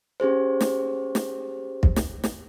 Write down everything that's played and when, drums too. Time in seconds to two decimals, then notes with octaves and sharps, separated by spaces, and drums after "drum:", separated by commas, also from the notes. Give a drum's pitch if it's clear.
0.20 C#4 G4 G#4 C5
0.61 drum: snare
1.15 drum: snare
1.83 drum: kick
1.96 drum: snare
2.24 drum: snare